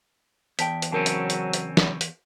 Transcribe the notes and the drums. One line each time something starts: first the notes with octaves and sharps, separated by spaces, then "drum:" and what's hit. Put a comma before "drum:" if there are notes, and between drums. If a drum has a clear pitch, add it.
E2 G5 A5 B6, drum: hi-hat
drum: hi-hat
C#3 F#3 C4 C#4 A#4 A5
drum: hi-hat
drum: hi-hat
drum: hi-hat
drum: snare
drum: hi-hat